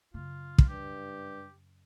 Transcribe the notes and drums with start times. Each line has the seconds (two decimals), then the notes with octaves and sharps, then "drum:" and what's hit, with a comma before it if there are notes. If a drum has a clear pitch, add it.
0.14 F#2 C#3 F4
0.58 drum: kick
0.68 G2 G4